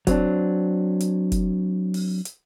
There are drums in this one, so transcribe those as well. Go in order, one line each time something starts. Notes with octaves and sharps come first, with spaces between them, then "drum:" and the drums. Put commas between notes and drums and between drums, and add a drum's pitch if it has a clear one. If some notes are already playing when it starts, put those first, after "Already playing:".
F#3 C4 D4, drum: kick F1, hi-hat
drum: hi-hat
drum: kick F1, hi-hat
drum: open hi-hat
drum: hi-hat